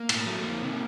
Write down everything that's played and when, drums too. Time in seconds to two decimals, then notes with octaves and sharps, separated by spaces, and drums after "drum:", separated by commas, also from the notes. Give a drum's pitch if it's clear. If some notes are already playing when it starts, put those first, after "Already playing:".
Already playing: A#3
0.09 A2, drum: cymbal
0.26 F#3 A3
0.44 F2 A#3
0.62 C3 D#3